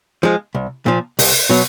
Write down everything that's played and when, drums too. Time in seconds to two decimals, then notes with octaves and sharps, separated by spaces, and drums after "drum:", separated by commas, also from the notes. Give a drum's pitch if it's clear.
0.23 F3 G#3
0.55 C2
0.86 A#2 F3
1.19 C2, drum: open hi-hat
1.50 B2 F#3